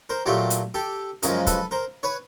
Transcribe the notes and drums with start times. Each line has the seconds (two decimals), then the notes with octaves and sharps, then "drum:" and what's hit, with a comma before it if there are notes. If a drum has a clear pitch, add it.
0.10 A#4 C5
0.26 A#2 F#3 A3 F4 G4
0.50 drum: hi-hat
0.74 G4 A4
1.23 F#2 C#3 F3 G#3 G#4 A#4, drum: hi-hat
1.47 A4 B4, drum: kick, hi-hat
1.71 A#4 C5
2.03 B4 C#5